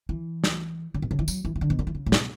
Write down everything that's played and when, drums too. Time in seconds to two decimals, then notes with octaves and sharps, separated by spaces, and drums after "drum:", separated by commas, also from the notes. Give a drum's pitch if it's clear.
0.09 E3
0.44 drum: snare
0.94 C#3
1.02 B2
1.11 C#3
1.19 E3
1.28 F#3, drum: tambourine
1.45 E3
1.56 E3
1.61 D3
1.70 B2
1.79 D3
1.87 E3
1.95 C#3
2.06 A2
2.12 B2, drum: snare